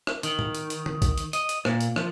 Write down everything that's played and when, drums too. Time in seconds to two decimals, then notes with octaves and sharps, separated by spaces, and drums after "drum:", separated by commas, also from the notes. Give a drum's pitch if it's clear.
0.07 drum: rim click
0.23 D#3, drum: hi-hat
0.39 drum: tom
0.55 drum: hi-hat
0.70 drum: hi-hat
0.86 drum: tom D3
1.02 drum: kick B1, hi-hat
1.18 drum: hi-hat
1.33 D#5, drum: hi-hat
1.49 drum: hi-hat
1.65 A#2, drum: rim click
1.81 drum: hi-hat
1.96 F3, drum: rim click